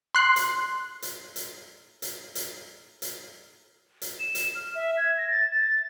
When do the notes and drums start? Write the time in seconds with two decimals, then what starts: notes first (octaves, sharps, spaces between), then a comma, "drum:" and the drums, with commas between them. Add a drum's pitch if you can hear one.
0.15 C6 F#6 C7
0.36 drum: hi-hat
1.02 drum: hi-hat
1.36 drum: hi-hat
2.02 drum: hi-hat
2.35 drum: hi-hat
3.02 drum: hi-hat
4.02 drum: hi-hat
4.19 E7
4.35 drum: hi-hat
4.55 F6
4.75 E5
4.97 G#6
5.18 A#6
5.30 A6
5.51 A6